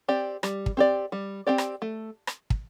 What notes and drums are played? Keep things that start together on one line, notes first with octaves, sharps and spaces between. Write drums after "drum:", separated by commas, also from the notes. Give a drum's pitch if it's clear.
C4 G4 D5
G3, drum: rim click
drum: kick
C4 G4 D5
G3
C4 G4 D5
drum: rim click
A3
drum: rim click
drum: kick